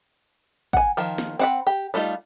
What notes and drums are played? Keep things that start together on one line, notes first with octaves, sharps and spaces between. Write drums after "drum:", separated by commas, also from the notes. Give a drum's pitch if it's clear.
F#5 G#5, drum: kick G#1
D#3 F3
drum: snare
C4 F#5 B5
G4
G3 A3 D#4 F4